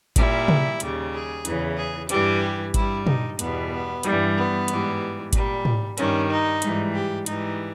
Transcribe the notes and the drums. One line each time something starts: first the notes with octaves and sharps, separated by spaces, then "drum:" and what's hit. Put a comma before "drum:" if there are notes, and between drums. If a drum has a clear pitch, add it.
A#2 G3 E4, drum: kick G#1, hi-hat
drum: tom
D#2 C#3 G3, drum: hi-hat
G#4
E2 C#3 E3, drum: hi-hat
G#4
G2 E3 G3 G4, drum: hi-hat
G2 G3 E4, drum: kick G#1, hi-hat
D#4, drum: tom
E2 B2 G3 B3, drum: hi-hat
B3
G2 E3 G3, drum: hi-hat
B3
G#2 E3 G3, drum: hi-hat
A#2 G3, drum: kick G#1, hi-hat
drum: tom
G2 D#3 G3 C#4, drum: hi-hat
D#4
G#2 E3 G3, drum: hi-hat
G4
G#2 E3 G3 D#4, drum: hi-hat